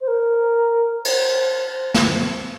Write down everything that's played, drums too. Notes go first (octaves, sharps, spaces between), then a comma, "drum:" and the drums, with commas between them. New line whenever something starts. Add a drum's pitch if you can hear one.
C5
A#4
C5, drum: cymbal
drum: snare